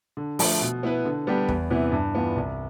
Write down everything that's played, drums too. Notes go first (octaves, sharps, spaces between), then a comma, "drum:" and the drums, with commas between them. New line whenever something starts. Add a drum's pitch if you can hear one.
D3
F3 A3, drum: open hi-hat
B2
B3 E4 B4
D3
G3 B3 D4 G4
E2, drum: kick
C3 E3 B3 E4
G2
E3 B3 D4 F4
C2